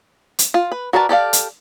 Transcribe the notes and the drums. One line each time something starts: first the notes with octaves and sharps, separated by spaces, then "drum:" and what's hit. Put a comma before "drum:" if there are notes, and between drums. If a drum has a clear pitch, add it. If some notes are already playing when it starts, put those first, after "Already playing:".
drum: hi-hat
F4
B4
F#4 A#4 B4 D5 A5
G4 A4 D5 F5
drum: hi-hat